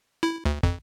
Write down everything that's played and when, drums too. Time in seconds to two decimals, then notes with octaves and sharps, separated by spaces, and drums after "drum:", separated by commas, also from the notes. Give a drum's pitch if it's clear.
0.23 E4
0.45 D2
0.63 F2, drum: kick